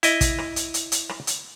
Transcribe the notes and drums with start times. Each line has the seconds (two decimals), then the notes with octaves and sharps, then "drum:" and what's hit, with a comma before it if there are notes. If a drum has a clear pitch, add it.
0.03 E4 D#5, drum: hi-hat
0.21 drum: kick, hi-hat
0.38 drum: rim click
0.56 drum: hi-hat
0.74 drum: hi-hat
0.92 drum: hi-hat
1.09 drum: rim click
1.27 drum: hi-hat